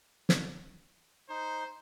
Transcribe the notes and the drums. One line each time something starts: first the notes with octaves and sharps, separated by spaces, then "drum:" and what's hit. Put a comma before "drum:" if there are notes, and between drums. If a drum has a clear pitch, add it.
drum: snare
D#4 C5